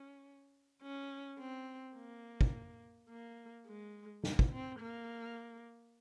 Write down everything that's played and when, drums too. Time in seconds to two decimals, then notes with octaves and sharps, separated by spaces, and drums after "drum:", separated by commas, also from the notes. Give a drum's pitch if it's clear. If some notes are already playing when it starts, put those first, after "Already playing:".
Already playing: C#4
0.83 C#4
1.39 C4
1.95 A#3
2.41 drum: kick
3.09 A#3
3.66 G#3
4.23 A#3, drum: snare
4.39 drum: kick
4.52 C4
4.80 A#3